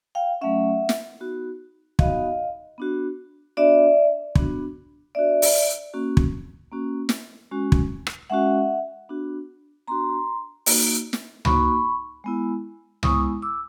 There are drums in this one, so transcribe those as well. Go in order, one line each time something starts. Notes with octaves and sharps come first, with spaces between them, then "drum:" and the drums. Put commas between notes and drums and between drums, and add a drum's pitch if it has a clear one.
F5 G5
F#3 A3 C#4 E5 F#5
drum: snare
B3 D#4 F#4
B3 D#4 F#4 D#5 F5, drum: kick
B3 D4 F#4
B3 D4 F#4 D5 E5
B3 D4 F#4, drum: kick
B3 D4 F#4 D5 E5
drum: open hi-hat
A#3 C#4 F#4
drum: kick
A#3 C#4 F#4
drum: snare
G#3 C#4 F#4
drum: kick
drum: rim click
G#3 C#4 F#4 E5 F#5
B3 D4 F#4
B3 D4 F#4 A#5 C6
A#3 D#4 F#4, drum: open hi-hat
drum: snare
A#3 D#4 F#4 B5 C#6, drum: tom C#2
G#3 B3 E4
G#3 B3 E4 C#6 D#6, drum: tom C#2
D6 E6